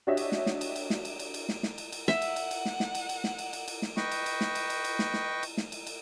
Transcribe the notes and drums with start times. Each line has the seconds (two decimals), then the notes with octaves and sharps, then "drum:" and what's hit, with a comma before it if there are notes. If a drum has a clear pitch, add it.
0.07 D4 F#4 G4 C#5 D#5 E5
0.17 drum: cymbal
0.32 drum: snare
0.46 drum: snare
0.61 drum: cymbal
0.76 drum: cymbal
0.90 drum: snare
1.05 drum: cymbal
1.19 drum: cymbal
1.34 drum: cymbal
1.49 drum: snare
1.63 drum: snare
1.78 drum: cymbal
1.92 drum: cymbal
2.08 E5 F#5, drum: snare
2.22 drum: cymbal
2.36 drum: cymbal
2.51 drum: cymbal
2.65 drum: snare
2.80 drum: snare
2.95 drum: cymbal
3.09 drum: cymbal
3.24 drum: snare
3.38 drum: cymbal
3.53 drum: cymbal
3.68 drum: cymbal
3.82 drum: snare
3.97 B4 D#5 G5 C#6, drum: snare
4.11 drum: cymbal
4.26 drum: cymbal
4.41 drum: snare
4.55 drum: cymbal
4.70 drum: cymbal
4.84 drum: cymbal
4.99 drum: snare
5.14 drum: snare
5.43 drum: cymbal
5.57 drum: snare
5.72 drum: cymbal
5.87 drum: cymbal